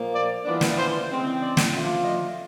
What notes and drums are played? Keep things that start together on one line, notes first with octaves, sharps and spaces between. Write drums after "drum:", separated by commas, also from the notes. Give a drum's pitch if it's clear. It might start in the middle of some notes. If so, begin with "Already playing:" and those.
Already playing: A#2 F3 A#3
D5
E3 G3 B3 D4 F4 D5
drum: snare
C5
C#3 E3 G#3 C4
D5
drum: snare
F3 A3 D4 F4
D#5